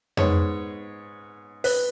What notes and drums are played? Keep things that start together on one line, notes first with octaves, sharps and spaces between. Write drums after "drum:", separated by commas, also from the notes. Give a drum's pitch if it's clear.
G#2 G#3 B3 C#5, drum: tom F2
B4, drum: open hi-hat